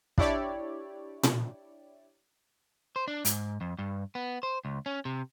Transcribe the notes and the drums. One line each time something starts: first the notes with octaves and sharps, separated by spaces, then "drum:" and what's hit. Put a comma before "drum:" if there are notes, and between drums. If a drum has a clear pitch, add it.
D4 E4 G4 C#5 D5, drum: kick
drum: tom A#2
C5
D4
G#2, drum: hi-hat
F2
G2
B3
C5
C#2
C#4
C3